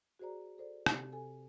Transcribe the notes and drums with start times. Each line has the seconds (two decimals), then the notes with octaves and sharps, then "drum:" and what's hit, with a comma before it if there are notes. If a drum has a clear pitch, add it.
0.19 F#4 G#4 C5 D5 A#5
0.58 A4 C5 D5
0.86 C3 C4 G4, drum: rim click
1.12 A4 G#5